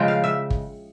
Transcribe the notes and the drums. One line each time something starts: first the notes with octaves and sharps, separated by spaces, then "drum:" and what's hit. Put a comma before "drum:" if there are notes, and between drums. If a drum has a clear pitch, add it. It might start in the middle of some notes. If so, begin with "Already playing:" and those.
Already playing: C#3 F3 G#3 G5
F5
E5
drum: kick G1